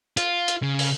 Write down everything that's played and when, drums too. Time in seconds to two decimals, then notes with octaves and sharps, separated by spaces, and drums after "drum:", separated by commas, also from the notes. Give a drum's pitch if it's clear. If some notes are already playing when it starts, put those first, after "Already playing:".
0.17 F4, drum: hi-hat
0.48 drum: hi-hat
0.63 C#3
0.79 drum: open hi-hat